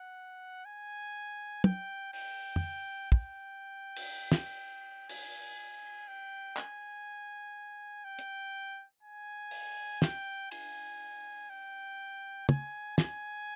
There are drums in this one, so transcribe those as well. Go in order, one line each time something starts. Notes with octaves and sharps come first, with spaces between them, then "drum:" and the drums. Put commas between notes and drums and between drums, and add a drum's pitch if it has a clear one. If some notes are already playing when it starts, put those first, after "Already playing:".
Already playing: F#5
G#5
G5, drum: tom
G5, drum: open hi-hat
drum: tom
G5, drum: kick
drum: cymbal
drum: snare
G#5, drum: cymbal
G5
G#5, drum: clap
G5
drum: hi-hat
G#5
drum: open hi-hat
G5, drum: snare
G#5, drum: cymbal
G5
G#5, drum: tom
G#5, drum: snare